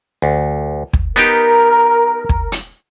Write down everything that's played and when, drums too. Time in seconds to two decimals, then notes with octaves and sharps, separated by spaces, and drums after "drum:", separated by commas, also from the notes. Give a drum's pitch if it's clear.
0.22 D2
0.93 drum: kick
1.16 B3 D#4 G4 A#4, drum: hi-hat
2.29 drum: kick
2.52 drum: hi-hat